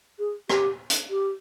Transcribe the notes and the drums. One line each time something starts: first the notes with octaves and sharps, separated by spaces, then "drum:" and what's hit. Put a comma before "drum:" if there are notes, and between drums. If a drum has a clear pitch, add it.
G#4
G4, drum: rim click
drum: hi-hat
G4